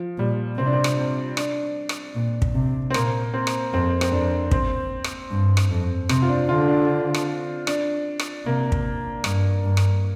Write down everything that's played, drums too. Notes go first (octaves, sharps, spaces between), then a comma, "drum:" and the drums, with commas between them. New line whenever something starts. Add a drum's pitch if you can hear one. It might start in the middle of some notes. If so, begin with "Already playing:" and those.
Already playing: F3
A#2 G3
C3 C4
D4
C4
drum: rim click
D4, drum: rim click
drum: rim click
A#2
drum: kick
C3
C4
A#2 A#3, drum: rim click
C4
drum: rim click
F2 C4
C4, drum: rim click
F2 D4
C4, drum: kick
drum: rim click
G2
drum: rim click
F2
C3 C4, drum: rim click
F4
D4
D3 F4
D4
drum: rim click
D4, drum: rim click
drum: rim click
C3 A#3
drum: kick
G2, drum: rim click
G2
drum: rim click